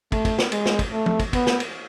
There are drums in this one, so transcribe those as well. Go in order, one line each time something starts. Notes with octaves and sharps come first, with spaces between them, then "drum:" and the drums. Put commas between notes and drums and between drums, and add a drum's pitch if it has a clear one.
A3, drum: kick, cymbal
drum: kick, cymbal
drum: snare
G#3, drum: cymbal
drum: snare
drum: kick, cymbal
A3
drum: tom
drum: kick, cymbal
B3, drum: kick, cymbal
drum: snare
drum: cymbal